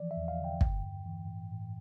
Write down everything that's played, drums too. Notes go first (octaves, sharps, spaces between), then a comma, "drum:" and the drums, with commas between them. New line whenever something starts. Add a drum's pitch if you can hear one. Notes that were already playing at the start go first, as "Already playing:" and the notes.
Already playing: E3 F3 D5
E5
E2
F5
D3
G5
G2, drum: kick
G2
E3
A2
A2